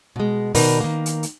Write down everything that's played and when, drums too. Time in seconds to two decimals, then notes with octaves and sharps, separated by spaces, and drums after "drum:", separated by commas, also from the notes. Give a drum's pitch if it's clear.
0.16 B2 G#3
0.55 B2 D#3 D#4 A#4 B4 D5, drum: open hi-hat
0.80 D#3 A#3
1.06 drum: hi-hat
1.23 drum: hi-hat